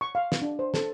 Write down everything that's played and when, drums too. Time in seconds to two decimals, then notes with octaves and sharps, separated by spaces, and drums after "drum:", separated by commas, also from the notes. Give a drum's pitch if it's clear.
0.01 C#6
0.15 F5
0.32 drum: snare
0.42 D4
0.59 C5
0.74 A4, drum: snare